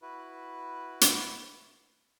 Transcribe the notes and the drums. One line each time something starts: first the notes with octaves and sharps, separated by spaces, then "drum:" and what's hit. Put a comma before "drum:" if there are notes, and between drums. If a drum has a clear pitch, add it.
E4 F#4 B4
drum: hi-hat